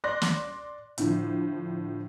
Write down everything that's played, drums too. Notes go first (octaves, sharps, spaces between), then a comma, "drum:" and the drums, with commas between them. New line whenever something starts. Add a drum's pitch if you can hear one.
D5 C6 F#6 A#6
drum: snare
A2 D3 F3, drum: hi-hat